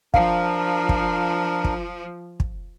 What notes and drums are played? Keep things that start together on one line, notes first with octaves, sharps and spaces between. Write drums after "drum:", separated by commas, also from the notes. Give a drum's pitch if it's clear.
F3 D4 A#4 F5, drum: kick
drum: kick
drum: kick
drum: kick